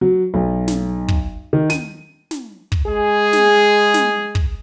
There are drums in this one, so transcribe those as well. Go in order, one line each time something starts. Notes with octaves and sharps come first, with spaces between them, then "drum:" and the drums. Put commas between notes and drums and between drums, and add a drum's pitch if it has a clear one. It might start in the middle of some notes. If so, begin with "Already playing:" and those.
F#3
B1
drum: snare
drum: kick
D#3
D#7, drum: snare
drum: snare
drum: kick
G#3 G#4
drum: snare
drum: snare
drum: kick